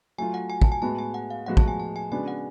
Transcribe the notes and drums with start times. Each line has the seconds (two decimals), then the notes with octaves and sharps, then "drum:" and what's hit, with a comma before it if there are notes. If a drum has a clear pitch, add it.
0.18 F#3 A3 F4 G#5
0.34 F#5
0.50 G#5
0.62 A5, drum: kick
0.72 G#5
0.82 A2 G#3 B3 F#4 A5
0.99 G#5
1.14 F#5
1.30 F5
1.46 A2 F3 G#3 B3 F#4 F#5
1.57 A5, drum: kick
1.68 G#5
1.80 A5
1.96 G#5
2.11 C#3 G#3 B3 D4 F#4 G#5
2.28 F#5